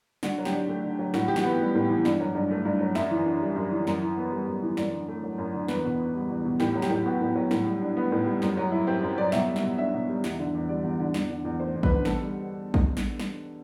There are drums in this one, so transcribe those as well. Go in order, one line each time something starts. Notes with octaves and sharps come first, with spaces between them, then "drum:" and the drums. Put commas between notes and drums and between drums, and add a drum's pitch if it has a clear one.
D3 F#4, drum: snare
F#3
G4, drum: snare
D4
A3
D3
F#3
A2 F#4, drum: snare
E3 G4
F#4, drum: snare
B3
G3
A2
E3
G2, drum: snare
F#3
G2
A3
G2
F#3
F#2 E5, drum: snare
E3
D4
G3
F#2
E3
F#2, drum: snare
E3
B3
G3
F#2
E3
F#2 D5, drum: snare
D3
A3
F#3
F#2
D3
E2 B4, drum: snare
B2
B3
G3
E2
B2
A2 G4, drum: snare
F#3
G4, drum: snare
A2
B3 F#4
A2
F#3
A2, drum: snare
G3
D4
B3
A2
G3
F#2, drum: snare
F#3
E4
C4 G4
F#2
F#3 D5
B2 E5, drum: snare
G3
E5, drum: snare
B2
D4 E5
B2
G3
E2, drum: snare
D3
E2
G3 D5
E2
D3
E2, drum: snare
D3
E2
A3 C5
E2
B4, drum: kick
D3
B2 A4, drum: snare
G3
drum: kick
drum: snare
drum: snare